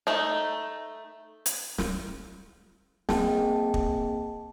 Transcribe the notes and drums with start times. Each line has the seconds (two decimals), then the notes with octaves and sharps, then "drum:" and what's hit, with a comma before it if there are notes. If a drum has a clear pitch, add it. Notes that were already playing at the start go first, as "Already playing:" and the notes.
0.07 A3 D#4
1.46 drum: hi-hat
1.78 drum: snare
3.09 A#3 C4 G#4 D#5 G5 A5, drum: snare
3.74 drum: kick